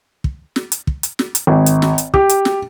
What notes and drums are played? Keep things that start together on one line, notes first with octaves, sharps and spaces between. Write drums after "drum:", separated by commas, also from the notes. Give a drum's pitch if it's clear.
drum: kick
drum: snare
drum: hi-hat
drum: kick
drum: hi-hat
drum: snare
drum: hi-hat
G#1
drum: hi-hat
drum: snare
drum: hi-hat
G4, drum: kick
drum: hi-hat
drum: snare